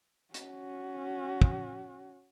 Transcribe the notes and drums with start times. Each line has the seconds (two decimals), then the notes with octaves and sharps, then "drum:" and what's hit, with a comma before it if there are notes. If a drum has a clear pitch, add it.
0.34 C#4 F#4, drum: hi-hat
1.42 drum: kick